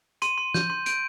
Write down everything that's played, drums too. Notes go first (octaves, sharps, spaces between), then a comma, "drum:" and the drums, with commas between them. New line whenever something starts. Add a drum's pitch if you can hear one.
C6 D#7, drum: hi-hat
C6
G6, drum: snare
C6
G6 D7, drum: hi-hat